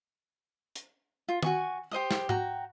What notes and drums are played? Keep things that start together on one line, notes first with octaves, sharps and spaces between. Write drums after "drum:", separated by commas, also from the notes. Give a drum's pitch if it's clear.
drum: hi-hat
F4
F#4 G#5 C#6, drum: tom D#3
G4 C5 D#5 D#6
drum: snare
F#4 G5 A#5, drum: tom G#2